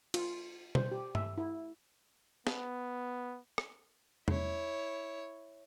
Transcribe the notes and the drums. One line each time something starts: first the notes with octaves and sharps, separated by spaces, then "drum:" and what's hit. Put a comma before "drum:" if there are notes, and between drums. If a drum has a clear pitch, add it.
F4, drum: cymbal
C5, drum: tom
G4
E5, drum: tom G2
E4
B3, drum: snare
drum: rim click
E4 C#5, drum: tom E2